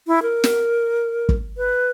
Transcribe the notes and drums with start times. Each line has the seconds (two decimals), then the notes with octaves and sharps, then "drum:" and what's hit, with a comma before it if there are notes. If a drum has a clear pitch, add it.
0.07 E4
0.22 A#4
0.44 drum: snare
1.29 drum: kick
1.57 B4